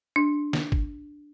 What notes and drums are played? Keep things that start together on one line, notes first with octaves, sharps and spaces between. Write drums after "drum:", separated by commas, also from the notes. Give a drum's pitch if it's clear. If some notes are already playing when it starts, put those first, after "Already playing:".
D4
drum: snare
drum: kick G#1